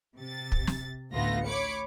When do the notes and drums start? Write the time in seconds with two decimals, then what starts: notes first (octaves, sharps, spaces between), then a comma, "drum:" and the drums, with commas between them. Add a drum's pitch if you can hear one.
0.18 C3 A6
0.52 drum: kick
0.67 drum: snare
1.12 A1 D2 A3 B3 F4 A#6
1.45 C#5 B5 D6 C#7